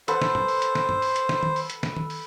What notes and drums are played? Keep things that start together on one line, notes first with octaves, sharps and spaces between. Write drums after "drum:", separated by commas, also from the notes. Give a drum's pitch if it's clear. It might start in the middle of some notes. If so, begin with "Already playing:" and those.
A4 B4 C5 F#5, drum: hi-hat
drum: snare
drum: tom
drum: open hi-hat
drum: hi-hat
drum: snare
drum: tom
drum: open hi-hat
drum: hi-hat
drum: snare
drum: tom
drum: open hi-hat
drum: hi-hat
drum: snare
drum: tom
drum: open hi-hat